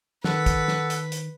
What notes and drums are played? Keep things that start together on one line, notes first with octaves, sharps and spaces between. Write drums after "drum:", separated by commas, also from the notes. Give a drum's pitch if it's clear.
D#3 A4 B4 F#5, drum: snare
drum: kick, hi-hat
drum: snare
drum: hi-hat
drum: hi-hat